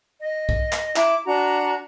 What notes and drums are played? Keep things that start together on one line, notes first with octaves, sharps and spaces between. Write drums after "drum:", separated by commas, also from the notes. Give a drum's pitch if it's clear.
D#5
drum: kick B1
drum: clap
E4 D6, drum: clap
D4 F#4 A#5